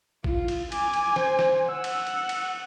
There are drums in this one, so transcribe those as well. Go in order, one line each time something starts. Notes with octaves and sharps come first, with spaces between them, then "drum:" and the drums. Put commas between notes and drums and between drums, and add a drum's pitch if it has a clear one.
F4, drum: kick A1
drum: cymbal
G#5 D6, drum: cymbal
drum: cymbal
C5, drum: snare
drum: snare
F#5 E6
drum: cymbal
drum: cymbal
drum: cymbal